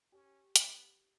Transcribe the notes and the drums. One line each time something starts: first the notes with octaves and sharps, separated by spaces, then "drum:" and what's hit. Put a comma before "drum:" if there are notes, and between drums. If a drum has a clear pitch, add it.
C#4 G4
B3, drum: hi-hat